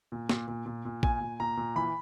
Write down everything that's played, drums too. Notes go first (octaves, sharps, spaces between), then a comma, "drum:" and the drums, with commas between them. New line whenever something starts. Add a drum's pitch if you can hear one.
A#2
A#2, drum: snare
A#2
A#2
A#2
A#2 G#5, drum: kick A1
A#2
A#2 A#5
A#2
E3 B5